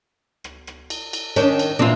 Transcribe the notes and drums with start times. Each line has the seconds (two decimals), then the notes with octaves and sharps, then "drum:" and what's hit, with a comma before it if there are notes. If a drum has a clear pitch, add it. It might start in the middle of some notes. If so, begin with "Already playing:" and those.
0.44 drum: rim click
0.67 drum: rim click
0.90 drum: cymbal
1.13 drum: cymbal
1.36 D#3 C#4 D4, drum: cymbal
1.59 drum: cymbal
1.79 A#2 E3 C4 D4 F4